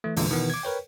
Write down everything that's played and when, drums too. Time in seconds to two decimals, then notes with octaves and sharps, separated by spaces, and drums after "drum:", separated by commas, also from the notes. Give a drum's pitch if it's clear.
0.04 E3 A3
0.16 E2 A#2 D3 E3 G#3, drum: open hi-hat
0.29 B2 D#3 E3 B3
0.50 D6 G#6
0.63 A#4 B4 C#5 G5